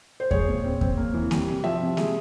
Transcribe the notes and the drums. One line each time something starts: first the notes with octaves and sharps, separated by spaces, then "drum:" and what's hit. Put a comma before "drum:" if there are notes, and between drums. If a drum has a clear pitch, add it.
C5
G#3 C#5, drum: kick E2
A#2
C4
C4, drum: kick E2
A#3
E3
G3, drum: snare A#3
C3
F3 E5
C3
G#3, drum: snare A#3